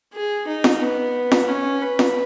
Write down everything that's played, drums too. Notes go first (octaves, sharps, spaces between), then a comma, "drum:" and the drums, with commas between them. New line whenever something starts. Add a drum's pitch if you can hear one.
G#4
D#4
drum: snare F4
B3
drum: snare F4
C#4
B4
drum: snare F4